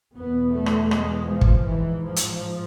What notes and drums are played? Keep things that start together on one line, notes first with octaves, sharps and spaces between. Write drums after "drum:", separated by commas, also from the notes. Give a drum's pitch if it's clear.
E2 B2 B3
A3
drum: rim click
G#3, drum: rim click
F3
drum: kick
G#2 E3
F3
drum: hi-hat